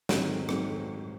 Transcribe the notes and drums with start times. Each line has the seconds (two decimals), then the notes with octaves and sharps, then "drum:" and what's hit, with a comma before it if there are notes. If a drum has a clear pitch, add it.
0.09 G#2 D#3 F#3 A3 C4, drum: snare
0.49 G#2 D#3 F#3 A3 C4, drum: rim click